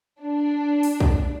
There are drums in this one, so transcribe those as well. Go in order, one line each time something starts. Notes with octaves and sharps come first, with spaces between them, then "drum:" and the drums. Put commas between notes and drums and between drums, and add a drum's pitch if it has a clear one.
D4
drum: open hi-hat
drum: kick